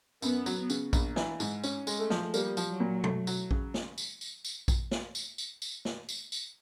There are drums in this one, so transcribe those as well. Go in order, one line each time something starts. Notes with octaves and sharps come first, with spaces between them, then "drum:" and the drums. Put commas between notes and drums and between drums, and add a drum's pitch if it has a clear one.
F#2 B3, drum: tambourine
F#3, drum: tambourine
C#3, drum: tambourine
A#1, drum: kick A#1, tambourine
E3, drum: snare
G#2, drum: tambourine
C#4, drum: tambourine
G#3, drum: tambourine
A3
F3, drum: snare
G3 A#3, drum: tambourine
F3, drum: tambourine
F#3
A#2
A3, drum: tom
F#3, drum: tambourine
C#3, drum: kick A#1
drum: snare
drum: tambourine
drum: tambourine
drum: tambourine
drum: kick A#1, tambourine
drum: snare
drum: tambourine
drum: tambourine
drum: tambourine
drum: snare
drum: tambourine
drum: tambourine